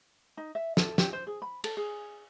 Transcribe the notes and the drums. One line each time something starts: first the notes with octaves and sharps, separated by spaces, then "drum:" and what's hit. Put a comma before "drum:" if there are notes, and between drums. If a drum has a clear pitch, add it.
D#4
E5
A4, drum: snare
G4, drum: snare
C5
G#4
B5
A4, drum: cymbal
G#4